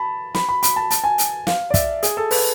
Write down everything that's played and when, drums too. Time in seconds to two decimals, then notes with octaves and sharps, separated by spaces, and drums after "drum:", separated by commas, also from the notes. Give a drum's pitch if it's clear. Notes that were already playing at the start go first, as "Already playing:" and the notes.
Already playing: A5 B5
0.35 B5, drum: snare
0.49 B5
0.63 B5, drum: hi-hat
0.76 A5
0.91 A5, drum: hi-hat
1.04 G#5
1.18 drum: hi-hat
1.47 F5, drum: snare
1.70 D5
1.74 E5, drum: kick, hi-hat
2.03 G#4, drum: hi-hat
2.17 A4
2.31 B4, drum: open hi-hat